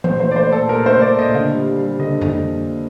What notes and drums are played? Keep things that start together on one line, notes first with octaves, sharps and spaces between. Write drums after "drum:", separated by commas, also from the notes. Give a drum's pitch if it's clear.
A#2 C5, drum: tom E3
A3 C5
D5
A3 C5
A#2 A4
A#2 A#4
A3 C5
A3 D5
A#2 D#5
D3 F5
G3
G3
G3
D3 D#5
drum: tom F2